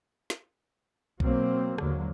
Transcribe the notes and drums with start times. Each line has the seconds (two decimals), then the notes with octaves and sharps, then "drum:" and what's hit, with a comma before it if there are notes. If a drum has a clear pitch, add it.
0.30 drum: snare
1.20 B2 F#3 A#3 C4, drum: kick B1
1.78 D#2 G#2 D3 F#3 A#3, drum: rim click